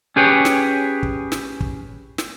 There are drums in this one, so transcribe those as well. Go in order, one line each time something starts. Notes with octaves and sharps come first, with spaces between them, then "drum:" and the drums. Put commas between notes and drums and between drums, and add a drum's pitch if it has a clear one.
C#4 G4 G#4 B4 C#5
drum: snare
drum: kick
drum: snare
drum: kick
drum: snare